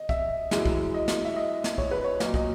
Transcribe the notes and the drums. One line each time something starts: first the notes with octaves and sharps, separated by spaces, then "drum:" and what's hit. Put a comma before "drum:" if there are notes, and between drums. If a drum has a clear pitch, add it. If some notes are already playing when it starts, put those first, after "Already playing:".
Already playing: D#5
E5, drum: kick
F#2 E3 G#3, drum: snare
drum: kick
D#5
drum: snare
E5
D#5
drum: snare
C#5, drum: kick
B4
C#5
A#2 F#3 D#5, drum: snare
D#5, drum: kick